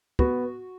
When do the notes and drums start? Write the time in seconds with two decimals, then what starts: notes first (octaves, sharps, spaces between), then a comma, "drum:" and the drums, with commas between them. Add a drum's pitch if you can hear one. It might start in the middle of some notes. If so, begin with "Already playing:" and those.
0.19 B3 F#4, drum: kick